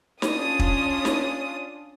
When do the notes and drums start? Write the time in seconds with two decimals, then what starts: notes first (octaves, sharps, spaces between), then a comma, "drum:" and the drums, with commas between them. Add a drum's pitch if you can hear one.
0.22 C#4 D4 F4 D#6, drum: snare
0.59 drum: kick
1.05 drum: snare